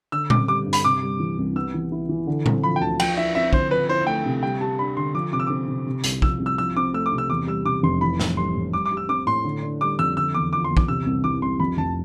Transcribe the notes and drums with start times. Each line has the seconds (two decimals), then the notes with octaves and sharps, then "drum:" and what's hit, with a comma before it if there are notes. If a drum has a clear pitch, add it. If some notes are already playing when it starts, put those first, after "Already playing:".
0.12 D3 E6
0.30 C4 D6, drum: tom A#2
0.48 G3 D6
0.66 G2
0.73 B5, drum: hi-hat
0.85 C3 D6
1.03 G3
1.20 E3
1.38 C2
1.55 B3 E6
1.74 E3
1.92 E4
2.09 E3
2.27 D3
2.46 C4, drum: tom A#2
2.63 F3 B5
2.76 G5
2.81 D2 A5
3.00 F3 G5, drum: cymbal
3.17 E4 E5
3.35 C4 E5
3.53 D3 C5, drum: kick
3.71 F3 B4
3.89 E4 C5
4.06 A3 G5
4.25 C3
4.43 G3 G5
4.61 G4 A5
4.78 D4 B5
4.97 D3 C6
5.14 F3 D6
5.32 C3 D6
5.39 E6
5.47 C4 D6
5.68 C3
5.86 C3
6.04 C2, drum: hi-hat
6.22 F3 E6, drum: kick
6.40 C2
6.46 E6
6.58 F3 E6
6.76 C4 D6
6.94 A3 E6
7.06 D6
7.12 C3
7.18 E6
7.30 E2 D6
7.47 G3 E6
7.65 C3 D6
7.83 F1 C6
8.01 E3 B5
8.20 A2, drum: snare
8.37 G3 C6
8.55 A2
8.73 G3 D6
8.86 D6
8.92 G4
8.97 E6
9.09 C4 D6
9.27 A2 C6
9.44 D3
9.62 D4
9.81 G3 D6
9.99 F2 E6
10.17 D3 E6
10.34 E2 D6
10.53 F3 D6
10.64 C6
10.70 E2
10.77 D6, drum: kick
10.88 C3 E6
11.06 C2
11.24 E3 D6
11.42 C2 C6
11.60 F2 B5
11.78 F1 A5